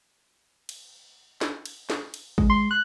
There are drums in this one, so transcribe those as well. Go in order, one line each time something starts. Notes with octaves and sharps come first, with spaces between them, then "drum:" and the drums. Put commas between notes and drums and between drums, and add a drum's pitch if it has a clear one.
drum: cymbal
drum: snare
drum: cymbal
drum: snare
drum: cymbal
G#3, drum: kick G#1
C6
F#6